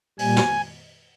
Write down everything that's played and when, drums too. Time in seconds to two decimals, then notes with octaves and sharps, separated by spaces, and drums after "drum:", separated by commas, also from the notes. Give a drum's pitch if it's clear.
0.19 A#2 G3 G#5, drum: open hi-hat
0.36 drum: snare